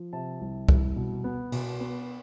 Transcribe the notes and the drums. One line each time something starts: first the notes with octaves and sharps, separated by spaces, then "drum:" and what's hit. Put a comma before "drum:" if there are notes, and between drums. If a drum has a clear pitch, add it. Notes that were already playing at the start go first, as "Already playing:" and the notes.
Already playing: F3
C3 A5
C2
C2, drum: kick
B2
B3
B2, drum: cymbal
B3